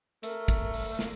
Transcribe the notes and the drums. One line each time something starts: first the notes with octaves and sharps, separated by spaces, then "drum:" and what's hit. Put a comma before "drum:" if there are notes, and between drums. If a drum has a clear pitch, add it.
A3 A#4, drum: hi-hat
drum: kick, hi-hat
drum: open hi-hat
drum: snare